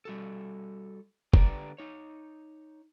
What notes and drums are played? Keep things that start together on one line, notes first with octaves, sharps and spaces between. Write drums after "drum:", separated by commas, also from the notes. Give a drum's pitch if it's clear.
G3 F#4 A4
D3 G4 B4 D5 G5 A#5, drum: kick
D#4 C#5